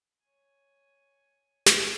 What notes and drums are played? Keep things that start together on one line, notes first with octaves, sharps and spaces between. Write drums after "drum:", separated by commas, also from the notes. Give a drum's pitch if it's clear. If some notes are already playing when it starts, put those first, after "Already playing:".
C#5 G#5
drum: snare